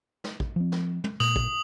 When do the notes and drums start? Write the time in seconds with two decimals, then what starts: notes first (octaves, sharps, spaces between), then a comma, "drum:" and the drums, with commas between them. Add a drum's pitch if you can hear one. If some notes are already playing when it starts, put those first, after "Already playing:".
0.24 drum: snare
0.40 drum: kick
0.56 F3 C4
0.72 drum: snare
1.04 drum: tom
1.20 A#2 D#6 F#7, drum: snare
1.36 drum: kick